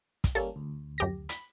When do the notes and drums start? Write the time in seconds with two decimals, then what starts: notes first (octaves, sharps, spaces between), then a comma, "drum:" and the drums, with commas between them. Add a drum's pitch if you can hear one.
0.24 drum: kick, hi-hat
0.35 G3 A#3 C#4 A4
0.56 D2
0.98 F#2 G4 A#6
1.29 B5, drum: hi-hat